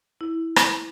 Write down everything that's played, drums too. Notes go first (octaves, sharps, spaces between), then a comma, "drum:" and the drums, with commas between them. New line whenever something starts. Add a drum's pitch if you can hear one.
E4
drum: rim click